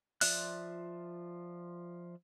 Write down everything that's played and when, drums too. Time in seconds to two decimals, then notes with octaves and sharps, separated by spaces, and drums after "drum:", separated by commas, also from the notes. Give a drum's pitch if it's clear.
0.21 F3 F4 D5 E5 F#6, drum: open hi-hat